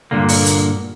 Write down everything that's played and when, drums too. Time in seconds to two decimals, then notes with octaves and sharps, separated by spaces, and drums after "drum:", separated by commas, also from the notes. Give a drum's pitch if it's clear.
0.11 G2 A#2 D3 A#3
0.29 drum: open hi-hat
0.46 drum: hi-hat